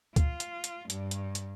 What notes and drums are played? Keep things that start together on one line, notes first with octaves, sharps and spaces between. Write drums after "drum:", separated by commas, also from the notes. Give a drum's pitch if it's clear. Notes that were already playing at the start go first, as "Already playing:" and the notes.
F4, drum: kick C#2, hi-hat
drum: hi-hat
drum: hi-hat
G2, drum: hi-hat
drum: hi-hat
drum: hi-hat